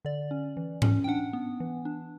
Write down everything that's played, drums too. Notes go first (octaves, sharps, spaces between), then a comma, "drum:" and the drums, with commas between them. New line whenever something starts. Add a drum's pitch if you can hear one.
D3 D5
C#4
E3
C#4, drum: tom G#2
G5
D4 F#5
B3
E3
D4